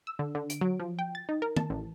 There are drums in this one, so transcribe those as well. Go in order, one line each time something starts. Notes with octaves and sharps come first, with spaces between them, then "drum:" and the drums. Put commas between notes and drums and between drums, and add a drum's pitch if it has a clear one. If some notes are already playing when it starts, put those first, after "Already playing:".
E6
D3
D3
D7, drum: hi-hat
F#3
F3
G5
A6
D#4
A#4
A5, drum: tom D#3
A1